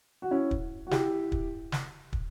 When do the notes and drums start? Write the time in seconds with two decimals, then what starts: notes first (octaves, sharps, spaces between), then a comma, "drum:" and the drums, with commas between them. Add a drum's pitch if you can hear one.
0.22 F#4
0.31 C#4 E4
0.51 drum: kick
0.87 F#4
0.91 E4 G4, drum: snare
1.32 drum: kick
1.72 drum: snare
2.13 drum: kick